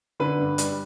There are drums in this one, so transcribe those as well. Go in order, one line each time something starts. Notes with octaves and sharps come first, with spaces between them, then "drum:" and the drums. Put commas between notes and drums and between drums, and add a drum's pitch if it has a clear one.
D3 B4
G2
G3, drum: hi-hat